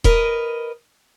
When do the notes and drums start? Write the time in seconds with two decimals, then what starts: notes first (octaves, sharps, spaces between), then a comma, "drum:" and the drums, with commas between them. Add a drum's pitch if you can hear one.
0.04 A#4 B4 D#5, drum: kick D#1